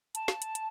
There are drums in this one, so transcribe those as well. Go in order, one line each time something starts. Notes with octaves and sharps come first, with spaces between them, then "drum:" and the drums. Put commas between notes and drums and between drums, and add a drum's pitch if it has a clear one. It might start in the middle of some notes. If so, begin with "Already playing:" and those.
A5, drum: hi-hat
drum: snare
drum: hi-hat
drum: hi-hat